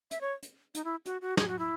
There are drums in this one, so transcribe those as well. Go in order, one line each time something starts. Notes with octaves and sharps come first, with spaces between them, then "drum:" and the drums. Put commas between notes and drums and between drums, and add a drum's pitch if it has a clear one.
E5, drum: hi-hat
C#5
drum: hi-hat
D#4, drum: hi-hat
E4
F#4, drum: hi-hat
F#4
G#4, drum: snare
F#4
E4